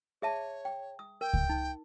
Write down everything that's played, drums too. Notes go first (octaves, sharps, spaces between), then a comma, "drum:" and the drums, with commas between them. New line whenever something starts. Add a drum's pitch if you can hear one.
G#4 C#5 E5 A5
G5
D#6
A#4 G5
drum: kick C#2
D#4